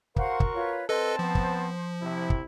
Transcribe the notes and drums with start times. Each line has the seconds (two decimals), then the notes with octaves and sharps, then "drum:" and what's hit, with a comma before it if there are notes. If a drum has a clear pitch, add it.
0.16 F#4 A#4 C5 F5 F#5 C6 C#6, drum: kick
0.40 drum: kick
0.54 F4 B4 C#5
0.89 C4 A4 B4 C5 D#5 A5
1.19 F3 B3
1.35 drum: kick
2.02 C3 E4
2.30 drum: kick